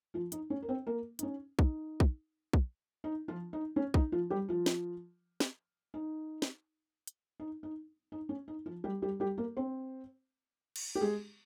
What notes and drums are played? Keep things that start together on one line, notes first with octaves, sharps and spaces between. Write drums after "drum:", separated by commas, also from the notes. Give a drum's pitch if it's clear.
F3 F4
D#4, drum: hi-hat
C#4
A#4
C4 C5
A#3 A#4
D#4, drum: hi-hat
C#4
D#4, drum: kick
drum: kick
drum: kick
D#4
F3 F4
D#4
C#4
D#4, drum: kick
F3 F4
G3 G4
F3 F4
drum: snare
drum: snare
D#4
drum: snare
drum: hi-hat
D#4
D#4
D#4
C#4
D#4
F3 F4
G3 G4
G3 G4
G3 G4
A#3 A#4
C4 C5
drum: cymbal
G4
G#3 G#4